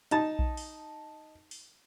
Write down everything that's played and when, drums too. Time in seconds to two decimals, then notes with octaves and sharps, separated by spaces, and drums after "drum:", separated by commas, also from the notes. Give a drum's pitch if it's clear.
0.11 D#4 A5, drum: hi-hat
0.39 drum: kick A#1
0.57 drum: open hi-hat
1.51 drum: open hi-hat